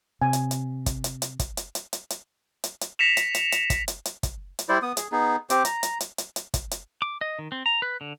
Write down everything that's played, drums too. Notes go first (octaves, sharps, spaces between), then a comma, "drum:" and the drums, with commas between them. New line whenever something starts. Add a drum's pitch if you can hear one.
C3 G#5
drum: hi-hat
drum: hi-hat
drum: kick, hi-hat
drum: hi-hat
drum: hi-hat
drum: kick, hi-hat
drum: hi-hat
drum: hi-hat
drum: hi-hat
drum: hi-hat
drum: hi-hat
drum: hi-hat
A#6 B6 C#7 E7 F7
drum: hi-hat
drum: hi-hat
drum: hi-hat
drum: kick, hi-hat
drum: hi-hat
drum: hi-hat
drum: kick, hi-hat
drum: hi-hat
G3 E4 C5 D5
B3 D#6
G#4, drum: hi-hat
B3 D#4 G#4
C4 G4 C5 D6, drum: hi-hat
A#5, drum: hi-hat
drum: hi-hat
drum: hi-hat
drum: hi-hat
drum: hi-hat
drum: kick, hi-hat
drum: hi-hat
D6
D#5
D#3
C4
A#5
B4
D3